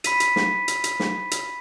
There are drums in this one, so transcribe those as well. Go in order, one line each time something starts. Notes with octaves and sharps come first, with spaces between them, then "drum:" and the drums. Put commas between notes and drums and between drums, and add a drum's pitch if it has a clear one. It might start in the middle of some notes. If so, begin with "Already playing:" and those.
B5 B6 D#7, drum: hi-hat
drum: hi-hat
drum: snare
drum: hi-hat
drum: hi-hat
drum: snare
drum: hi-hat